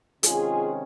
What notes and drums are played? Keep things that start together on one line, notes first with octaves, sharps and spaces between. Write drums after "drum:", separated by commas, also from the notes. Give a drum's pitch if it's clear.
C3 D#3 G#3 C#4 F4 G#4, drum: hi-hat